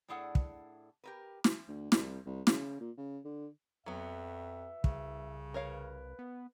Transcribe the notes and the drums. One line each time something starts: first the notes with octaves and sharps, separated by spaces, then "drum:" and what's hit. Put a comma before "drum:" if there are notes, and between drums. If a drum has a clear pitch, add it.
A2 D4 E4 G#4 A4 F#5
drum: kick
G4 A#4 B4
drum: snare
D2
C2, drum: snare
C2
C#3, drum: snare
A#2
C#3
D3
F2 F#3 B3 E5
C2 C#3, drum: kick
A#4 B4 C#5 F5
B3